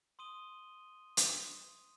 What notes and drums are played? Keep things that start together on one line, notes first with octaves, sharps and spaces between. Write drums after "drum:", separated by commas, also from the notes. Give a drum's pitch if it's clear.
C6 D#6 D#7 G7
drum: hi-hat